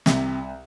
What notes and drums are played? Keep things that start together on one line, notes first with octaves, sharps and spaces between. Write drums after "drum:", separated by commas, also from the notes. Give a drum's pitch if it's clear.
C2 C3, drum: snare